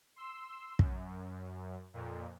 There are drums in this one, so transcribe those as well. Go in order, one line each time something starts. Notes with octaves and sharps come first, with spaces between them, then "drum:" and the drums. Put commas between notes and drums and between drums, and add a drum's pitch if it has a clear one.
C6 E6
F#2, drum: kick
F2 A#2